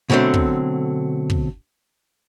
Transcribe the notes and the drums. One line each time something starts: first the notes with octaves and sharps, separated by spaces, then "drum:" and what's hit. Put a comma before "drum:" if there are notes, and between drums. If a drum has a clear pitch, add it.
B2 D3 F#3 A3 C4
drum: kick
drum: kick